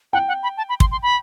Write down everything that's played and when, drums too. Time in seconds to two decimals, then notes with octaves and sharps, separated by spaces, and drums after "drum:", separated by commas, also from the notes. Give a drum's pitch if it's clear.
0.13 F#5 G5
0.28 F#5
0.43 B5
0.57 A5
0.69 B5
0.80 C6, drum: kick
0.92 C6
1.03 B5